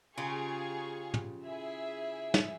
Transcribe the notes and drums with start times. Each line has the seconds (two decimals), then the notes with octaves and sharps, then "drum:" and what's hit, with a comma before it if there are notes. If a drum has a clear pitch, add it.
0.18 C#3 F4 G4 G#4 F5 C#6
1.14 drum: tom
1.45 E4 G#4 E5
2.34 drum: snare